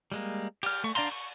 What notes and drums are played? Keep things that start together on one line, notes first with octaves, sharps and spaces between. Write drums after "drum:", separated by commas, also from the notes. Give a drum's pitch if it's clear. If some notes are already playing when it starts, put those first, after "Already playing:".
G3 G#3 A#3
G4 F6, drum: cymbal
A3 C#6
D4 D5 F5 A#5 C6, drum: cymbal
C#6